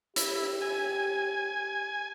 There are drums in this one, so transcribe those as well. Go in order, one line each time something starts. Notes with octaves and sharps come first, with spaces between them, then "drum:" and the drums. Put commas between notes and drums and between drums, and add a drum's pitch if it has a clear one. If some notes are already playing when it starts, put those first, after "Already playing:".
E4 G4, drum: hi-hat
G#5